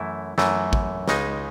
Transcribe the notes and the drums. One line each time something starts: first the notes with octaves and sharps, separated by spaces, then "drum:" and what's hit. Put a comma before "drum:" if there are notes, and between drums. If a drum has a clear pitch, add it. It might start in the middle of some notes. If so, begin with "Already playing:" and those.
Already playing: F#2 E3 A3 E4
F#2 E3 A3, drum: snare
drum: kick
C#2 C#3 G#3 D#4, drum: snare